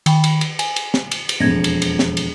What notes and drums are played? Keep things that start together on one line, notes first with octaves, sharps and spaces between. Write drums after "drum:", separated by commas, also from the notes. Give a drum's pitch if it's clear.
D#3 G5 B5, drum: cymbal
drum: cymbal
drum: cymbal
G#5, drum: cymbal
drum: cymbal
drum: snare
drum: cymbal
drum: cymbal
E1 F2 G#6 A#6
drum: cymbal
drum: cymbal
drum: snare
drum: cymbal